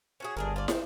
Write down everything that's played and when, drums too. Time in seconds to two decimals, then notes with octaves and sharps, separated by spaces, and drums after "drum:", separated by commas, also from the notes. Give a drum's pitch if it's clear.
0.20 C#4 F#4 G#4
0.37 G1 D4 G#4 A#4
0.56 F4 D5
0.68 D#3 C4, drum: snare